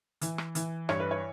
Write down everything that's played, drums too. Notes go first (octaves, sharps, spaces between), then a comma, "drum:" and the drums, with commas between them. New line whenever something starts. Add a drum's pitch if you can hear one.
E3, drum: hi-hat
drum: rim click
E3, drum: hi-hat
G2 C#5, drum: rim click
B4
C#5